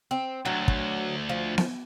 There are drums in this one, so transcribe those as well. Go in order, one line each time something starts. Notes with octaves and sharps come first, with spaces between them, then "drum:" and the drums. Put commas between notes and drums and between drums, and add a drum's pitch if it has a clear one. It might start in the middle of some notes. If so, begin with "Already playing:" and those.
C4
D2 D3 F#3
drum: kick
F3
drum: snare B3